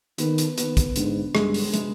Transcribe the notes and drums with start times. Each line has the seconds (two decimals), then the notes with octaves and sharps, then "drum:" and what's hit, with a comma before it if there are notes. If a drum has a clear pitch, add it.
0.18 D#3 B3, drum: hi-hat
0.38 drum: hi-hat
0.58 D#3 B3, drum: hi-hat
0.77 drum: kick, hi-hat
0.96 G#2 D3, drum: hi-hat
1.35 G2 G#3, drum: rim click
1.54 drum: open hi-hat
1.74 G#3, drum: hi-hat